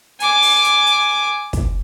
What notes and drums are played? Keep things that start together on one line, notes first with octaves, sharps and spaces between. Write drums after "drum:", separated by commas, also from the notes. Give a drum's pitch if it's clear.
G#5 D6, drum: hi-hat
drum: open hi-hat
drum: hi-hat
drum: hi-hat
drum: kick, hi-hat